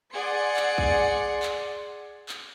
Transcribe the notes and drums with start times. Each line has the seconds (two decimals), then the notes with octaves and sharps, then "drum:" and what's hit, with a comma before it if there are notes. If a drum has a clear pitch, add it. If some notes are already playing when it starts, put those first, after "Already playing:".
0.13 G#4 D5 F#5 C6 C#7
0.56 drum: clap
0.78 drum: kick
1.43 drum: clap
2.29 drum: clap